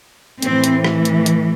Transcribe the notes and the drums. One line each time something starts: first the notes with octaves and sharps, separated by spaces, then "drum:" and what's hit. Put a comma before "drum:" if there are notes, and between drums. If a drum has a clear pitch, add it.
A2 E3 C4, drum: hi-hat
drum: hi-hat
drum: rim click
drum: hi-hat
drum: hi-hat